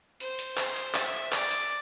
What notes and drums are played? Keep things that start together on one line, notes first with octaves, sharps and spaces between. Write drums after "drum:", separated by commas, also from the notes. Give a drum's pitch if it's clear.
C5, drum: hi-hat
drum: hi-hat
C5, drum: clap
drum: hi-hat
E5, drum: clap
D5, drum: clap
drum: hi-hat